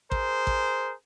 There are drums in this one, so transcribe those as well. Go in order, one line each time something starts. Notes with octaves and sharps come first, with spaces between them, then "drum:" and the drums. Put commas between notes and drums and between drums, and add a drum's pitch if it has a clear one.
G#4 A#4 C5, drum: kick A1
drum: kick A1